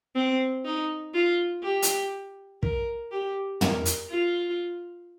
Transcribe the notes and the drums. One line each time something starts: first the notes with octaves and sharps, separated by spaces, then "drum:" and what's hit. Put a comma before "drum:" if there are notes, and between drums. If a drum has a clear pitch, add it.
C4
D#4
F4
G4
drum: hi-hat
A#4, drum: kick
G4
A#4, drum: tom
drum: hi-hat
F4